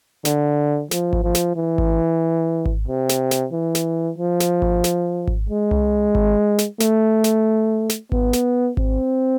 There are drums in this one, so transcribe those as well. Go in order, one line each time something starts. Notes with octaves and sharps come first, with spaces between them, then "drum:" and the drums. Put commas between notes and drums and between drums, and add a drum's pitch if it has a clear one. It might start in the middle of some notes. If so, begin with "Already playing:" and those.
D3, drum: snare
F3, drum: snare
drum: kick G#1
F3
drum: snare
E3
drum: kick G#1
drum: kick G#1
C3
drum: snare
drum: snare
E3
drum: snare
F3
drum: snare
drum: kick G#1
drum: snare
drum: kick G#1
G#3
drum: tom C2
drum: kick G#1
drum: snare
A3, drum: snare
drum: snare
drum: snare
B3, drum: kick G#1
drum: snare
C4, drum: kick G#1